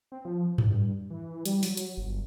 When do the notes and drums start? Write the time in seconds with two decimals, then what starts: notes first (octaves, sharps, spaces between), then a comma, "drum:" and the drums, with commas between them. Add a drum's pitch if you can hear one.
0.12 C4
0.25 F3
0.58 G2, drum: tom G#2
1.10 E3
1.46 G3, drum: hi-hat
1.63 F#3, drum: open hi-hat
1.77 drum: hi-hat
1.97 G1